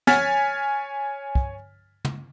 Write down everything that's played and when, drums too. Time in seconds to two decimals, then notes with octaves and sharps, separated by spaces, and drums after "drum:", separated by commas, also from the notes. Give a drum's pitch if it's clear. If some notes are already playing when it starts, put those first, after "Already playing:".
0.07 C#5 G#5 F6 A6 B6, drum: snare
1.35 drum: kick
2.05 drum: tom